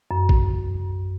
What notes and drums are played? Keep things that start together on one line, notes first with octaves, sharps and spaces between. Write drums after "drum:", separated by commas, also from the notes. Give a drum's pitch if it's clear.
F#2
drum: kick